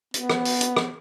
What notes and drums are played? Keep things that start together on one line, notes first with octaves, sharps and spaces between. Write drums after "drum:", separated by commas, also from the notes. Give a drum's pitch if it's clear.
B3, drum: hi-hat
drum: rim click
drum: open hi-hat
drum: hi-hat
drum: rim click